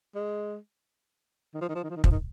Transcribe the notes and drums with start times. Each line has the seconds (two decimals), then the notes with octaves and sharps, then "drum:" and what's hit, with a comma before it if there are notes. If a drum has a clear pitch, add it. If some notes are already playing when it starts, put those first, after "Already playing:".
0.15 G#3
1.54 D#3
1.62 F3
1.69 D#3
1.75 F3
1.83 D#3
1.90 F3
1.96 D#3
2.04 F3, drum: kick
2.12 D#3